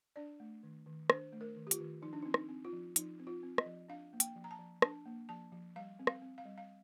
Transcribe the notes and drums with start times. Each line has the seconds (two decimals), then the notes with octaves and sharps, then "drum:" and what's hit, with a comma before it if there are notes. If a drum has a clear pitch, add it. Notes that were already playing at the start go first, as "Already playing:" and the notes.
0.16 D4 D5
0.40 A3
0.63 D#3
0.86 D#3
1.10 D4 C5, drum: rim click
1.32 A3
1.41 A#4
1.56 D#3
1.67 G4
1.71 F4, drum: hi-hat
1.80 D#3
2.02 F3 D#4
2.13 D4
2.22 D#4
2.25 C4
2.34 D#4, drum: rim click
2.49 C4
2.65 F4
2.73 F3
2.96 F3 D#4, drum: hi-hat
3.19 C4
3.27 F4
3.43 C4
3.58 D#5, drum: rim click
3.66 F3
3.89 D4 F5
4.13 A#3
4.20 G5, drum: hi-hat
4.35 F3
4.44 A#5
4.51 A5
4.59 F3
4.82 D4 A5, drum: rim click
5.06 A#3
5.29 F3 A5
5.52 F3
5.76 G3 F5
5.99 C4
6.07 F5, drum: rim click
6.22 C4
6.38 F5
6.46 G3
6.58 F5